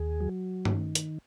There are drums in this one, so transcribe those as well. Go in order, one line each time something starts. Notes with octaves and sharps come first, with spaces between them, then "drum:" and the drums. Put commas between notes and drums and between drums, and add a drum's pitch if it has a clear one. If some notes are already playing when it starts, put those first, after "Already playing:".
Already playing: D#2 G#4
F#3
D#3, drum: tom G2
drum: hi-hat